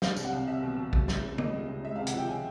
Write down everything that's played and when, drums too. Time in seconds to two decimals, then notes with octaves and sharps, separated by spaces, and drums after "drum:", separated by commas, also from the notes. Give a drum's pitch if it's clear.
0.02 G3 F5, drum: snare
0.17 C2, drum: tambourine
0.25 F#5
0.32 C2
0.47 C2 E5
0.62 B2
0.78 B2
0.93 C#2, drum: kick
1.08 C#2, drum: snare
1.23 C#2
1.38 C#2 D#5, drum: tom
1.53 G3
1.68 C#2
1.84 G#3 E5
1.96 C3 F5
2.07 F#5, drum: hi-hat
2.14 F3 G5
2.29 G#5